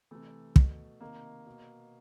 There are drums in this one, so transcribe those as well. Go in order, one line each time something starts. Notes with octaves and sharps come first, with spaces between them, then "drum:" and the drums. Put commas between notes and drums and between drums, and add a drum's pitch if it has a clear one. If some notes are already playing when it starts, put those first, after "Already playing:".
C3 E3 A3
B2, drum: kick
C3 D#3 A#3
B2